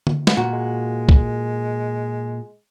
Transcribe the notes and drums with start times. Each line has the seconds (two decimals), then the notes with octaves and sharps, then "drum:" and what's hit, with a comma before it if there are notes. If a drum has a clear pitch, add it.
0.07 drum: tom D3
0.27 drum: snare
0.37 A#2 F#4
0.52 G#3
1.09 drum: kick B1